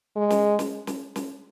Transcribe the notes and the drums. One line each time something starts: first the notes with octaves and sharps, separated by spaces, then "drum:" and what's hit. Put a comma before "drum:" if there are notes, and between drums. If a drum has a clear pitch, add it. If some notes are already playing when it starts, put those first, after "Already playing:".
G#3
drum: snare
drum: snare
drum: snare
drum: snare